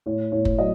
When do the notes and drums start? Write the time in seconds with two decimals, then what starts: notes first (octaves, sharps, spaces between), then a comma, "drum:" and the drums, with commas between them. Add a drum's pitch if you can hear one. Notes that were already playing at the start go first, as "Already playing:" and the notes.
0.06 A2 C#5
0.32 A2 C#5
0.45 drum: kick F#1
0.59 F#3 D#5